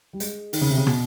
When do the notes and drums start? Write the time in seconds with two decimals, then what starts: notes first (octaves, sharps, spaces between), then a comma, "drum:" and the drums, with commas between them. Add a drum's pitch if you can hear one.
0.13 G3
0.20 G#3, drum: hi-hat
0.53 D#3, drum: open hi-hat
0.61 C#3
0.70 C3
0.77 C#3
0.86 B2, drum: rim click